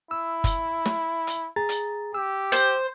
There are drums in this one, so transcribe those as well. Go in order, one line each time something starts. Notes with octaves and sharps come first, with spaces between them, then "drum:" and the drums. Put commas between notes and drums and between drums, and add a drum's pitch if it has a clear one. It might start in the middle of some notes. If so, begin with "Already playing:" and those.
E4 E6
drum: kick F#1, hi-hat
drum: snare
drum: hi-hat
G#4 A#5 A6
drum: hi-hat
G4 E6
C5, drum: hi-hat